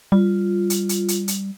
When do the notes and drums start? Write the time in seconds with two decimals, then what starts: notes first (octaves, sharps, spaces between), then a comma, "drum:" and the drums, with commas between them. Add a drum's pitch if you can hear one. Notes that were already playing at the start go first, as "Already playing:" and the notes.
0.12 G3 F4
0.70 drum: hi-hat
0.89 drum: hi-hat
1.08 drum: hi-hat
1.28 drum: hi-hat